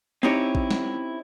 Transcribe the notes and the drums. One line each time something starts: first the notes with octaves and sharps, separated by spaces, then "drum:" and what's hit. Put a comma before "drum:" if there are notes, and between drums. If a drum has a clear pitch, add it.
C4 C#4 D#4 E4 G4 C#5
drum: kick A1
drum: snare